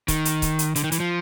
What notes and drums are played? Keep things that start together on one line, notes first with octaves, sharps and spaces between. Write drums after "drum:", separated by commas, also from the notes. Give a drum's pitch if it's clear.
D#3, drum: kick C#1, hi-hat
drum: hi-hat
drum: kick C#1, hi-hat
drum: hi-hat
D3, drum: hi-hat
D#3
E3, drum: hi-hat
F3